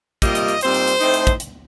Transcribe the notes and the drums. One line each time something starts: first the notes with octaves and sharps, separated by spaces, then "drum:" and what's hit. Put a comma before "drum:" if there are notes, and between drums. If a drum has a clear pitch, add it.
C3 G3 A#3 F4 D#5, drum: kick, hi-hat
drum: hi-hat
drum: hi-hat
A#2 G3 C4 D#4 C5, drum: hi-hat
drum: hi-hat
drum: hi-hat
A2 A3 C4 D#4, drum: hi-hat
drum: hi-hat
drum: kick, hi-hat
drum: hi-hat